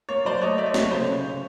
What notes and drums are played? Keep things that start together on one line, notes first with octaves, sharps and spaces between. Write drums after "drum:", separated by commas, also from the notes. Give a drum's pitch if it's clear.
A#3 C#5
F#3 C5 D5
A3 C#5 D#5
A3 D5 E5
C#5 D#5
F#3, drum: snare
C#5
C#3 C5
C#5
C#3
C#3